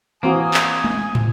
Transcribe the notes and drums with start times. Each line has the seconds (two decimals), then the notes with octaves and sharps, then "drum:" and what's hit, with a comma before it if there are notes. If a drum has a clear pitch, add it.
0.23 E3 A#3 C4 F#4 G#5 D#6
0.54 drum: clap
0.84 drum: tom G#3
1.15 drum: tom